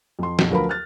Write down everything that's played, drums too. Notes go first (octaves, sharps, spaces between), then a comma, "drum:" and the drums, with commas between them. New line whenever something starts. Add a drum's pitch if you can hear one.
F2 C6
B1 F2, drum: snare
D2 F3 A#4 B4 B5
F6 F#6 A6